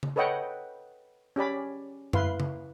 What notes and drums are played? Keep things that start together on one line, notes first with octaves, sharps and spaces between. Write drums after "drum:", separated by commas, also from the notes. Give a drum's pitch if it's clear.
drum: tom C#3
A4 B4 C#5 D#5 F#5 G5
C#4 G4 D5 B5
E4 B4 F5 C6, drum: tom F#2
drum: tom C#3